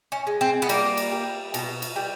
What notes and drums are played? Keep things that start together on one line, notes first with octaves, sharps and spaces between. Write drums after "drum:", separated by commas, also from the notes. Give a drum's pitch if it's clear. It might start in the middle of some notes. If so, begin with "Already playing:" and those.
C#4
G#3
C4
B3
G3 A#3, drum: cymbal
drum: cymbal
G3
B2, drum: cymbal
drum: cymbal
G3